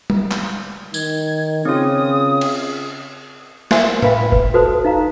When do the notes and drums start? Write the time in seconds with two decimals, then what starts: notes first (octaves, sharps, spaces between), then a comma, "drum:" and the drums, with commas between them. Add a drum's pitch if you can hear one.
0.10 drum: tom G3
0.31 drum: clap
0.94 D#3 G#6, drum: tambourine
1.65 C#3 C4 F4 D#6
2.41 drum: cymbal
3.71 A#4 C5 E5 F#5 G#5 C6, drum: snare
4.02 B4 F5 G5 B5, drum: tom A2
4.32 B4, drum: kick F1
4.54 F#4 A4 B4 C5 A5 D#6
4.84 D#4 F5 A#5